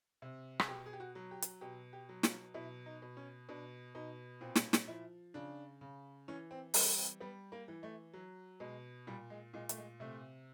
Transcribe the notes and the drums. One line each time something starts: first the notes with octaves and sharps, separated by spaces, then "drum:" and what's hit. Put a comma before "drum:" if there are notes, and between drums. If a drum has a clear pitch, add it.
C3
G#4, drum: rim click
B2 G4
G#4
G4
F#4
F#3
G4
drum: hi-hat
B2 G4
G4
F#3
F4, drum: snare
B2 E4
D#4
B2
C#4
B2 D4
B2 D#4
A#2 C4
drum: snare
drum: snare
F3 E4
C#3 D4
C#3
E3 C#4
C4
G3 C4, drum: open hi-hat
C4
G3 B3
A#3
E3
A3
F#3
B2 G#3
A#2 G3
G#3
A#2 G#3
A3, drum: hi-hat
G#3
C3 A3